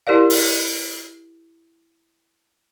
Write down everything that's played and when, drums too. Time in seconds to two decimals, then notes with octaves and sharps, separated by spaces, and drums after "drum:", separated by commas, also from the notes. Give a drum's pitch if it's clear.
0.07 E4 G4 A#4 D5 F5
0.30 drum: open hi-hat